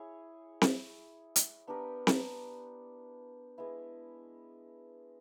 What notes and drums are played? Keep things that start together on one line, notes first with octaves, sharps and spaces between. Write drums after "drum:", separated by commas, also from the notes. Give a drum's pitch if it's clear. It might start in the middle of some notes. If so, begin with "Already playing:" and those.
Already playing: E4 G#4 C#5
drum: snare C4
drum: hi-hat
B3 D4 G4 A#4
drum: snare C4
G#3 B3 E4